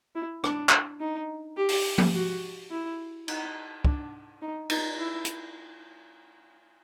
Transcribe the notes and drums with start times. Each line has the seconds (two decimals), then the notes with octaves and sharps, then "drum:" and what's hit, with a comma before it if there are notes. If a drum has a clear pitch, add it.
0.15 E4
0.44 D4, drum: rim click
0.69 drum: clap
1.00 D#4
1.57 G4
1.69 drum: open hi-hat
1.98 drum: tom F3
2.14 F#4
2.71 E4
3.28 D#4, drum: cymbal
3.85 D4, drum: kick
4.42 D#4
4.70 D#4, drum: cymbal
4.99 E4
5.25 drum: hi-hat